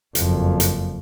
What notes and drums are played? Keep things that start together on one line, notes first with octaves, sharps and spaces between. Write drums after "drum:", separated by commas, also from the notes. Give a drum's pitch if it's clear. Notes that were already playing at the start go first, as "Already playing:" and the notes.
F#1 F2, drum: hi-hat
drum: hi-hat